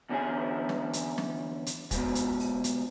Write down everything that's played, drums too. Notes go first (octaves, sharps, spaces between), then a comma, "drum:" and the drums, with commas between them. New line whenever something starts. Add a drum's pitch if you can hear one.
E2 D3 C#4 E4 G#4 G#5
drum: snare
drum: hi-hat
drum: snare
drum: hi-hat
G#2 B2, drum: kick, hi-hat
drum: hi-hat
drum: open hi-hat
drum: hi-hat